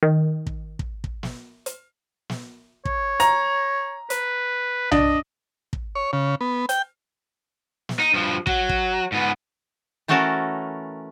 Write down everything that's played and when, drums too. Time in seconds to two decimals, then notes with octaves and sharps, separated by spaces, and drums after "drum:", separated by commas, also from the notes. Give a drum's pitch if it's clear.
0.03 D#3
0.46 drum: kick
0.79 drum: kick
1.04 drum: kick
1.23 drum: snare
1.66 drum: hi-hat
2.29 drum: snare
2.85 C#5, drum: kick
3.20 A#5, drum: hi-hat
4.10 B4, drum: hi-hat
4.91 D4 D#5, drum: tom B1
5.73 drum: kick
5.95 C#5
6.13 C#3
6.41 B3
6.69 G5, drum: hi-hat
7.89 drum: snare
7.99 D#4
8.14 G2 F3
8.47 F#3, drum: kick
8.69 drum: kick
9.12 G#2 B3
10.08 E3 A3 C#4 F#4 A4 A#4